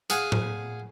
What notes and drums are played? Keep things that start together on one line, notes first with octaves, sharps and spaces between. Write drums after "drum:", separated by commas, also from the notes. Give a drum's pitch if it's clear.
G#4 F5 F#5 G#5, drum: hi-hat
drum: tom A2